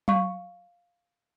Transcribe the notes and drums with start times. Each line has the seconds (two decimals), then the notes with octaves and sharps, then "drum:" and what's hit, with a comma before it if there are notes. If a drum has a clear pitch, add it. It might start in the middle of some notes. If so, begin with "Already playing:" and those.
0.08 F5 C#6, drum: tom F#3